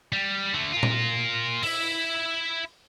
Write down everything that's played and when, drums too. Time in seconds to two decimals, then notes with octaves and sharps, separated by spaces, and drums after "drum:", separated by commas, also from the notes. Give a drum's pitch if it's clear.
0.13 G3
0.54 D3 A3
0.72 F4 A#4
0.83 drum: tom A#2
1.63 E4 E5, drum: open hi-hat